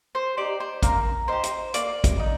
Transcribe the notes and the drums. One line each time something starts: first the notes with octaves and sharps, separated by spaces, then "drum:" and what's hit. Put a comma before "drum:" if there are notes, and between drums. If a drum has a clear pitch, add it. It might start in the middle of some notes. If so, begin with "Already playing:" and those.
C5
D#4 G4 D5
C5
A#3 A#4, drum: kick, hi-hat
D#4 G4 C5
drum: hi-hat
A#3 D5, drum: hi-hat
drum: kick, hi-hat
D#4